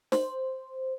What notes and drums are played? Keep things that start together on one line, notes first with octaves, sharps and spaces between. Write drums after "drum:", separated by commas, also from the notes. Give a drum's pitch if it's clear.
C5, drum: snare